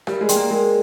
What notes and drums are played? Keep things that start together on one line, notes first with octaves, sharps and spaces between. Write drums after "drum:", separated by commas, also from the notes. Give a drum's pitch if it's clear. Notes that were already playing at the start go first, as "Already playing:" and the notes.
G3 A#4, drum: rim click
G#3
D5 G5 C6, drum: hi-hat
A#3
G#3 A#4